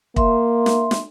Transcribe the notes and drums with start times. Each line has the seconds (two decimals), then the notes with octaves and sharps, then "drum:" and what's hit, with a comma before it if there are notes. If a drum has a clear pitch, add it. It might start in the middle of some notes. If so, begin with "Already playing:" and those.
0.16 A#3 E5 C6, drum: kick
0.66 drum: snare
0.91 drum: snare